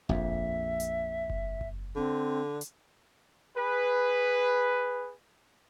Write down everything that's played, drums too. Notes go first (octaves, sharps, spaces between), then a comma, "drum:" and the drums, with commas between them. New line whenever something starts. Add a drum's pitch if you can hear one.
A#1 F2 E5, drum: kick F#1
drum: hi-hat
drum: kick F#1
drum: kick F#1
D3 C4
drum: hi-hat
G#4 B4